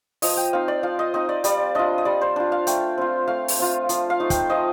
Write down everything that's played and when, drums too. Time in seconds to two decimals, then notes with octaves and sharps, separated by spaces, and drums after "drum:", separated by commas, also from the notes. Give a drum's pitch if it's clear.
0.22 F3 D#5, drum: open hi-hat
0.37 G5
0.53 C4 D#4 F5
0.68 D5
0.83 F3 F5
0.99 D#5
1.14 C4 D#4 D#5
1.29 D5
1.44 G3 D5, drum: hi-hat
1.75 D4 F4 D#5
1.98 D#5
2.05 G3 D5
2.22 C5
2.36 D4 F4
2.52 F5
2.67 A3 G5, drum: hi-hat
2.98 C4 F4
3.27 A3 F5
3.48 drum: open hi-hat
3.59 C4 F4
3.89 F3, drum: hi-hat
4.10 F5
4.20 A3 D#4
4.30 G5, drum: kick, hi-hat
4.50 F3 D#5